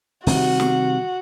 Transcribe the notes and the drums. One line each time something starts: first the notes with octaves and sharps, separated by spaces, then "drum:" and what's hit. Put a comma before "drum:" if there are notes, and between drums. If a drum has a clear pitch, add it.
C3 D#3 G3 F#4, drum: open hi-hat
drum: snare